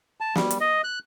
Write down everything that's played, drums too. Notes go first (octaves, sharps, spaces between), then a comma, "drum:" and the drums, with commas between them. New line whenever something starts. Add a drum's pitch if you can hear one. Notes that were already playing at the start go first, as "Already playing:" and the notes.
A5
G3, drum: snare
drum: hi-hat
D#5
F#6